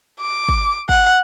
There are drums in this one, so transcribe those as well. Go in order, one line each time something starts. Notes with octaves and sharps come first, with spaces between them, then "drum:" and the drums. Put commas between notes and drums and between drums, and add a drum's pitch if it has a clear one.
D6
drum: kick
F#5, drum: kick